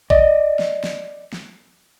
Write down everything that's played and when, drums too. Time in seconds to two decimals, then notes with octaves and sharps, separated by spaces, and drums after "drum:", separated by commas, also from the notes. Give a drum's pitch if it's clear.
0.10 D5 D#5, drum: kick A#1
0.59 drum: snare
0.84 drum: snare
1.33 drum: snare